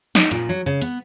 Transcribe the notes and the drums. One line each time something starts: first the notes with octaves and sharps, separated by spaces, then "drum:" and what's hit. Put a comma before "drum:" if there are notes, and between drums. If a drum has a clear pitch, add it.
D#4, drum: snare
A#2, drum: hi-hat
F#3
C#3
B3, drum: hi-hat